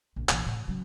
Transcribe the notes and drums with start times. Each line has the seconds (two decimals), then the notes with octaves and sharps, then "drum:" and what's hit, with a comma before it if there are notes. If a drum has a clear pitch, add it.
0.16 A#1
0.29 A#1 E3, drum: clap
0.46 A2
0.68 C#3 F#3